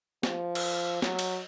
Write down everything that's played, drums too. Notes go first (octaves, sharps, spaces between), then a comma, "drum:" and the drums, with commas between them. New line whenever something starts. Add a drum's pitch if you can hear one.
F3, drum: snare
drum: cymbal
F#3, drum: snare
drum: cymbal